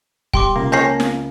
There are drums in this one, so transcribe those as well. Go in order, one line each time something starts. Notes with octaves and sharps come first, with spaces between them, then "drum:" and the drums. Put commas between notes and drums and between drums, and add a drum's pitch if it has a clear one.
G3 G5 C6 D6, drum: kick
C#2 A#3
F3 C#4 G6 A#6 C7
drum: snare